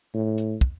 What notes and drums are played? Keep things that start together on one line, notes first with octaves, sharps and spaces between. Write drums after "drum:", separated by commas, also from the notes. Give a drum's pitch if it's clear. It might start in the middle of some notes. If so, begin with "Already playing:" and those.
A2
drum: hi-hat
drum: kick